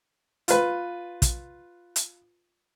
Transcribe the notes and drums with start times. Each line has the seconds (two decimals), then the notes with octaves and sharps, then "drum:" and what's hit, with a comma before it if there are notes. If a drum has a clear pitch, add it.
0.48 F4 B4, drum: hi-hat
1.22 drum: kick, hi-hat
1.96 drum: hi-hat